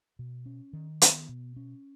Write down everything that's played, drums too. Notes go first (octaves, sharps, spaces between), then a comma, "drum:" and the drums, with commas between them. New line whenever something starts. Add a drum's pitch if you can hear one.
B2
C#4
D#3
B3, drum: hi-hat
B2
C#4